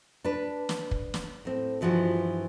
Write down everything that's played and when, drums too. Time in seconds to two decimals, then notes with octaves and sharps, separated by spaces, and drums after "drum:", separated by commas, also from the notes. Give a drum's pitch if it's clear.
0.24 D4 B4
0.69 drum: snare
0.91 drum: kick
1.14 drum: snare
1.45 A2 C4
1.81 G2 E3 F3 G#3 F#4